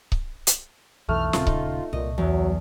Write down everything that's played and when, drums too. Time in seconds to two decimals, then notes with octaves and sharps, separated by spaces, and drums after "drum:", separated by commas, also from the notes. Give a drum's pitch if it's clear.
0.12 drum: kick C#1
0.47 drum: hi-hat
1.09 B1 F2 E3 A3 F6
1.33 D#1 C#3 C4 F4, drum: snare
1.47 D#4, drum: kick C#1
1.93 C2 A#2 D#5
2.18 E2 F#3